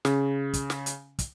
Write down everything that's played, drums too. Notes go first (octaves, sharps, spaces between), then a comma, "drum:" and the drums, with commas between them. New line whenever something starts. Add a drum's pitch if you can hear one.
C#3, drum: snare
drum: kick, hi-hat
drum: snare
drum: hi-hat
drum: kick, hi-hat